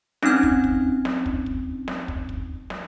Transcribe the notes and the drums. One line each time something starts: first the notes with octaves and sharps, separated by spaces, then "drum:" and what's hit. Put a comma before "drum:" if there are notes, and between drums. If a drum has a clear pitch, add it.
C4 C#4 D#4 F6 G#6, drum: snare
drum: kick
drum: kick
drum: snare
drum: kick
drum: kick
drum: snare
drum: kick
drum: kick
drum: snare